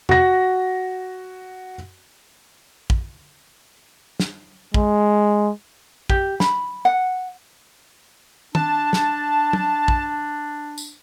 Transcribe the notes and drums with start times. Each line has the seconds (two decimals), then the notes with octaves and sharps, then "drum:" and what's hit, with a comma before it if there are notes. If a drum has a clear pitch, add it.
0.09 F#4 A#6, drum: tom
2.90 drum: kick
4.20 drum: snare
4.74 G#3, drum: kick
6.10 G4, drum: kick
6.40 B5, drum: snare
6.85 F#5
8.55 D4 A5, drum: tom
8.93 drum: snare
9.53 drum: tom
9.88 drum: kick
10.78 drum: tambourine